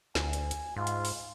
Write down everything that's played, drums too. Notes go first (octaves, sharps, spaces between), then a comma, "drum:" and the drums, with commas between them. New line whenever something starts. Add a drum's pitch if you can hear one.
D2 G#5, drum: snare
drum: hi-hat
drum: hi-hat
G#2 F4
drum: hi-hat
drum: open hi-hat